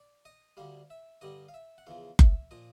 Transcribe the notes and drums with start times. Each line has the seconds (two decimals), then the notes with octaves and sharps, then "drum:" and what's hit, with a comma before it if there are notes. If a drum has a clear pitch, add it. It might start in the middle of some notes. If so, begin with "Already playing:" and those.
Already playing: D5
0.25 D#5
0.57 D2 D3 G3 F5
0.90 E5
1.21 G2 D3 G3 D#5
1.48 F5
1.54 E5
1.78 F#5
1.87 E2 C#3 F3 F5
2.19 E5, drum: kick F#1
2.51 A#2 F3 D#5